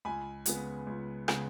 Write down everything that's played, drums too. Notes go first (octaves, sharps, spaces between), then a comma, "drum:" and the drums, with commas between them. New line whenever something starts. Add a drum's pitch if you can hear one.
C#2 G#5 B5
C#3 G#3 B3, drum: hi-hat
C#2
C#3 G#3 B3, drum: rim click